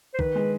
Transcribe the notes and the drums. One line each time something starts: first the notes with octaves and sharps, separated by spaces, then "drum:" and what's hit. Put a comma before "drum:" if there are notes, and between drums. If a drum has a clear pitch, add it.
C5
D#3 B4, drum: kick
G#3